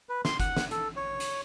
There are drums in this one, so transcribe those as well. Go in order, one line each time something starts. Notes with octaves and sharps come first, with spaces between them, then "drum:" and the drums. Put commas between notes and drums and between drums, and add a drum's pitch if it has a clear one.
B4
C6, drum: snare
F#5, drum: kick F#1, hi-hat
drum: snare
A4, drum: hi-hat
C#5
drum: hi-hat